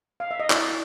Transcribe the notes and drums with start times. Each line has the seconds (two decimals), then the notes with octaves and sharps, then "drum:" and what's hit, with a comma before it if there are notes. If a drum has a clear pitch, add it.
0.20 F5
0.31 E5
0.40 D#5
0.50 E4 D5, drum: clap